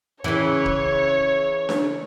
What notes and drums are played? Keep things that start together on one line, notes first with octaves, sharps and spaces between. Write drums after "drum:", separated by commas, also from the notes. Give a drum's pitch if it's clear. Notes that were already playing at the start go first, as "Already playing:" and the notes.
C#3 E3 C#5
drum: kick
drum: snare D4